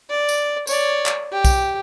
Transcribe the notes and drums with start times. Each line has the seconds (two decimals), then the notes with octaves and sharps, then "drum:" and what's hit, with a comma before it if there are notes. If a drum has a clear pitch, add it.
0.10 D5
0.29 drum: tambourine
0.67 C#5 D5, drum: tambourine
1.06 drum: clap
1.32 G4
1.45 drum: kick B1, tambourine